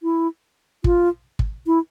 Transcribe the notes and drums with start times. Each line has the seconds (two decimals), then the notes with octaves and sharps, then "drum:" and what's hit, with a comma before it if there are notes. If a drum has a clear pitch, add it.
0.03 E4
0.84 F4, drum: kick
1.39 drum: kick
1.67 E4